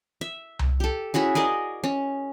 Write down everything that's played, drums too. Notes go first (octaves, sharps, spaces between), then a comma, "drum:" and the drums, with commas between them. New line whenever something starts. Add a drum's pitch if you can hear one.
E5
drum: tom C2
G4 A4
C#4 E4 F#4 G#4
G#4 A#4 D5 D#5
C#4